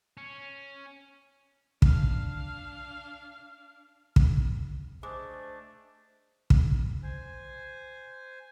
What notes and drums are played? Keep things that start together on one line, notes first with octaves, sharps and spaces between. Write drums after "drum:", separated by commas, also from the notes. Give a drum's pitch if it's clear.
C#4
D4 F5, drum: kick
drum: kick
G#3 A3 D4 G#4 C5 A5
drum: kick
C5 G#5